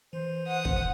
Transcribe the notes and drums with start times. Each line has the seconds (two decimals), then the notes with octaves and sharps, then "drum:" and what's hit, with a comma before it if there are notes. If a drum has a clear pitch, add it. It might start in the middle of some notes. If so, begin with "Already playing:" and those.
0.13 E3 C5
0.48 F#5 D#6
0.65 drum: kick